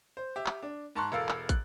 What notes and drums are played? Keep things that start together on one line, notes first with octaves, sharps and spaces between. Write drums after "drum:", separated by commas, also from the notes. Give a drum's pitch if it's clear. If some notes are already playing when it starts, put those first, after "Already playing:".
C5
G4 E5
drum: clap
D4
G#2 A5 A#5 C6 C#6 F#6
E1 A4 A#4 F5 E6 A6
drum: clap
F#6, drum: kick, hi-hat